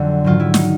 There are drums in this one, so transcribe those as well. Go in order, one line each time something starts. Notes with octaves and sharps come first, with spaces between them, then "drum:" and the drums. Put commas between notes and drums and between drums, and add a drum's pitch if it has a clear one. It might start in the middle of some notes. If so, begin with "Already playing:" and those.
Already playing: F2 D3 F#3
G#2 D#3 F#3 F4
E4
D#4, drum: snare